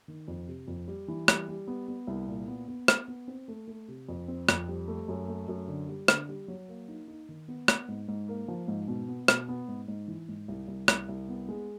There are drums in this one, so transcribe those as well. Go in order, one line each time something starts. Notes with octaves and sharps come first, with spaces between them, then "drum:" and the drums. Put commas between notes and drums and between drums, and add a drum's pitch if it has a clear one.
D#3
F2
C3
F2
G3
E3
G3, drum: rim click
G3
B3
B3
C2
A#2
B3
B3
B3, drum: rim click
B3
C4
A3
A3
C3
F2
C4
F2, drum: rim click
G3
A3
F#2
A3
F#2
D3
G3
D3, drum: rim click
G3
F#3
A#3
D#4
D#4
D#3
B3
B3, drum: rim click
G#2
G#2
A#3
F3
G#2
B2
B3
B2, drum: rim click
B3
G#2
G#2
E3
G#2
C2
C2
C2, drum: rim click
C2
B3
G#3